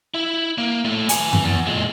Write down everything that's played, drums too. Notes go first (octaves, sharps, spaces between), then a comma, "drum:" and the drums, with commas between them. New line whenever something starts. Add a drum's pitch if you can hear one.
E4
A#3
A3 E4
B4 G#5, drum: hi-hat
drum: tom F2
E2
A#2 G#3